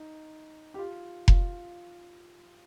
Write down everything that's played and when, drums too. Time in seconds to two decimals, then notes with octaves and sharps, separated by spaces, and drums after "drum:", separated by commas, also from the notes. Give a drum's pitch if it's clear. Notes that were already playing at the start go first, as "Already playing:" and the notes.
Already playing: D#4
0.74 G4
0.78 F4
1.28 F4, drum: kick F1